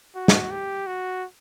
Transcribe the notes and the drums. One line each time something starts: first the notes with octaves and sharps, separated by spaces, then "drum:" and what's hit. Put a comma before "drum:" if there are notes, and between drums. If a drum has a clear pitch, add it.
F#4
drum: snare
G4
F#4